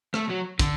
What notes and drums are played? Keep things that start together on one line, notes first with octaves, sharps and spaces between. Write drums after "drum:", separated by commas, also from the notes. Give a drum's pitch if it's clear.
A3, drum: rim click
F#3
D3, drum: kick, hi-hat